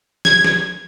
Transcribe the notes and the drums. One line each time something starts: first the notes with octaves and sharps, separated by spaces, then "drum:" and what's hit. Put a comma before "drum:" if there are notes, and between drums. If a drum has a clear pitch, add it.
G#6, drum: snare
drum: snare